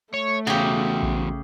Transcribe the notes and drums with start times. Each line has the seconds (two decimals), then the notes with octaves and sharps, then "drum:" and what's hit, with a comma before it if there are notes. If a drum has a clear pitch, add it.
0.14 A3 C#5
0.47 E2 C#3 F#4 G4
1.03 drum: kick A#1